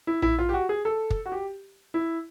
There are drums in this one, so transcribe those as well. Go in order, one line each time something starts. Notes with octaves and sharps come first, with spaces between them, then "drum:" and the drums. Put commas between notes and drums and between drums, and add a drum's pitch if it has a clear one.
E4
E4, drum: tom A#1
F4
G4
F#4
G#4
A4
drum: kick
F#4
G4
E4